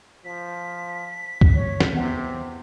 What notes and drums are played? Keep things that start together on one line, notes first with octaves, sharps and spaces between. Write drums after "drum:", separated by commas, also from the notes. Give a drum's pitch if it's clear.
F3 B6
drum: kick
C#5
drum: snare
E2 C3 F#5